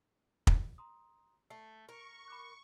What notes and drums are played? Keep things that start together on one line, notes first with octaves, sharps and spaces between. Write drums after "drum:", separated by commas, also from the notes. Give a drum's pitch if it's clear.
drum: kick
A#5 C6 D#6
A3 C7
A#4 C#6
B5 D6 F#6